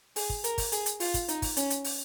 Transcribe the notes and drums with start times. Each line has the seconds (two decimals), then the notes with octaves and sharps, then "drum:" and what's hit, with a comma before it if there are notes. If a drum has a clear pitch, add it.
0.16 G#4, drum: open hi-hat
0.30 drum: kick
0.44 A#4, drum: hi-hat
0.58 drum: kick, open hi-hat
0.72 G#4, drum: hi-hat
0.86 drum: hi-hat
1.00 F4, drum: open hi-hat
1.14 drum: kick, hi-hat
1.28 D#4, drum: hi-hat
1.42 drum: kick, open hi-hat
1.57 C#4, drum: hi-hat
1.70 drum: hi-hat
1.84 drum: open hi-hat